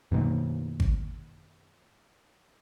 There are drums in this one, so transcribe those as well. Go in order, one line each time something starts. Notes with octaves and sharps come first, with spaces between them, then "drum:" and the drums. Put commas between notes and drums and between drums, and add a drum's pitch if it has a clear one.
F#2 B2 D#3 A#3
drum: kick G#1